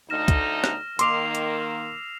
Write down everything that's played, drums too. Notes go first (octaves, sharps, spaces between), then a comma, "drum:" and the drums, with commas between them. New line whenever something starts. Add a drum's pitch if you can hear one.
D2 A3 D#4 F6 A#6 E7
drum: kick, hi-hat
drum: rim click
D#3 A#3 C6 D6 E6 C7 F7, drum: hi-hat
drum: hi-hat